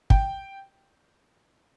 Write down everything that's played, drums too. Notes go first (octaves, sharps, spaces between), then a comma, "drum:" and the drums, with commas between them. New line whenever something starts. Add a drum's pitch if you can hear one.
G5, drum: kick